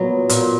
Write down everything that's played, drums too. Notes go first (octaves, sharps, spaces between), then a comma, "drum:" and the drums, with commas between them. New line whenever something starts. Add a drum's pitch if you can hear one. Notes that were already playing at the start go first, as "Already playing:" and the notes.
Already playing: A#2 F#3 B3
A#2, drum: hi-hat